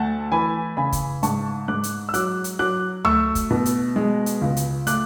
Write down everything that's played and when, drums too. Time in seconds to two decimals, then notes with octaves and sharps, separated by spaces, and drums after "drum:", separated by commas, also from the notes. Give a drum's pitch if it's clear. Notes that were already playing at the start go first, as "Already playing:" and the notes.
Already playing: D2 A3 F#5 A5
0.32 E3 G#5 B5
0.77 C#3 G#5 B5
0.92 drum: kick, hi-hat
1.23 G#2 A5 C#6, drum: hi-hat
1.68 G#2 D6 F#6
1.83 drum: hi-hat
2.09 E6
2.14 F#3 D6 F#6, drum: hi-hat
2.44 drum: hi-hat
2.59 F#3 D6 F#6
3.05 A3 C#6 E6, drum: tom
3.35 drum: kick, hi-hat
3.51 B2
3.66 drum: hi-hat
3.96 G#3
4.26 drum: hi-hat
4.41 C#2
4.57 drum: hi-hat
4.87 A3 D6 F#6, drum: hi-hat